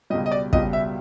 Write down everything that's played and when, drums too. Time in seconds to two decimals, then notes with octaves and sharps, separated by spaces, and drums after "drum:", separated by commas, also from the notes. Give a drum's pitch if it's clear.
0.10 C#2 B2 G3 D#5
0.26 D#5
0.32 D5
0.53 C#2 B2 G3 D#5, drum: kick
0.73 E5